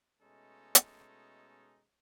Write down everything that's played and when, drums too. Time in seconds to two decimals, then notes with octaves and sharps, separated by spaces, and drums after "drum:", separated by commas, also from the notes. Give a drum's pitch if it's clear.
0.21 B2 G#3 A3 C#4 D#4 A4
0.75 drum: hi-hat